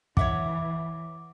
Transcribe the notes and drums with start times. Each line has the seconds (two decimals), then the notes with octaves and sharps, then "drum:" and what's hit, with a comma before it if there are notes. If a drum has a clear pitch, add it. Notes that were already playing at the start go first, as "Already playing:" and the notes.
0.17 E3 C#5 E5 F#5 D6, drum: kick